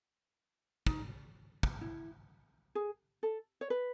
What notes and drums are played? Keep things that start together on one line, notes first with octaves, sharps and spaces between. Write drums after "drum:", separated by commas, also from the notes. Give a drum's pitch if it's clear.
D#4, drum: kick
drum: kick
E4
G#4
A4
C#5
B4